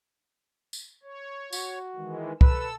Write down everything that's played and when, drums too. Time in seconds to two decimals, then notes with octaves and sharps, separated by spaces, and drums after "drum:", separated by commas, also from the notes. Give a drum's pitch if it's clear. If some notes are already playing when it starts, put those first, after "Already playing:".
0.73 drum: tambourine
1.03 C#5
1.53 F#4, drum: tambourine
1.96 D#3 E3 G#3
2.41 A4 B4 E6, drum: kick C2